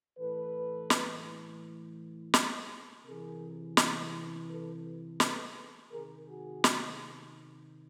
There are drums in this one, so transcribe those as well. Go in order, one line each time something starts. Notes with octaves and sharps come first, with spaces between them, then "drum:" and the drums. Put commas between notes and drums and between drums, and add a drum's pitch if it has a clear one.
A2 E3 A4 B4
drum: snare
drum: snare
C3 E3 G#4 A#4
drum: snare
A4 B4
A4 B4, drum: snare
C3 D#3 G#4 A#4
F#4 G#4
drum: snare